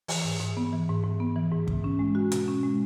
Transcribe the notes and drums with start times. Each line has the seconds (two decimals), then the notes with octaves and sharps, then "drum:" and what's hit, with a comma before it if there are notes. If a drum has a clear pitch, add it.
0.08 E3, drum: open hi-hat
0.25 G#2
0.40 G#2
0.57 B3
0.73 E3
0.89 G#2
1.04 G#2
1.20 B3
1.36 E3
1.52 G#2
1.68 G#2, drum: kick
1.84 C#4
1.99 G#3
2.15 F#4
2.32 B2, drum: hi-hat
2.48 C#4
2.63 G#3